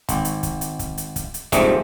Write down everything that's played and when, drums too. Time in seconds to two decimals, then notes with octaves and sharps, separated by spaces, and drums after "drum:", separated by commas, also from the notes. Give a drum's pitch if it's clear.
0.09 G#1, drum: kick, hi-hat
0.25 drum: hi-hat
0.43 drum: kick, hi-hat
0.61 drum: hi-hat
0.79 drum: kick, hi-hat
0.98 drum: hi-hat
1.16 drum: kick, hi-hat
1.34 drum: hi-hat
1.52 A#1 F2 G#2 C3 G3 A3, drum: kick, hi-hat